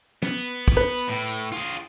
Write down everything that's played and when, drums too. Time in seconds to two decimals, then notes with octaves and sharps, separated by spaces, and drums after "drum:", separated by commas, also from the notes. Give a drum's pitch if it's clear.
0.23 B3, drum: snare
0.38 drum: tambourine
0.68 drum: kick, tambourine
0.77 B4
0.98 drum: tambourine
1.09 A2
1.28 drum: tambourine
1.52 F4 G#4